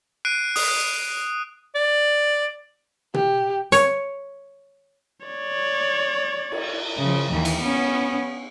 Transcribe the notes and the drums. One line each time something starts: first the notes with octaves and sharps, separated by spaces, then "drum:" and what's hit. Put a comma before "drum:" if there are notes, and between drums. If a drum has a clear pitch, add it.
F#6 C7 D7 D#7
D#6, drum: open hi-hat
D5
G4, drum: tom B2
C#5, drum: hi-hat
C#5 D5
drum: cymbal
C#3 F3
D#2 E3
drum: cymbal
B3 C#4